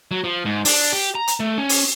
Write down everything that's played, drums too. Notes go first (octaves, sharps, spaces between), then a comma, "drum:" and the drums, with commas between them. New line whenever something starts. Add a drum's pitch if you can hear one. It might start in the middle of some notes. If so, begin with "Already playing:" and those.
F#3
F3
G#2
D4, drum: open hi-hat
G4
A#5
drum: hi-hat
A3
C#4
drum: open hi-hat